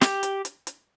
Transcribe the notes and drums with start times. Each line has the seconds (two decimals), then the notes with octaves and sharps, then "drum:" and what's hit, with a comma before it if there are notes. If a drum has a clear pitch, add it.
0.01 G4, drum: snare
0.23 drum: hi-hat
0.45 drum: hi-hat
0.67 drum: hi-hat